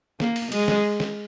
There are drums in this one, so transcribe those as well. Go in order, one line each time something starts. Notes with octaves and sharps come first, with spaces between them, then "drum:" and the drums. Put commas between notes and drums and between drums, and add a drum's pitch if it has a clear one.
A#3, drum: snare
drum: cymbal
G#3, drum: cymbal
drum: snare
drum: snare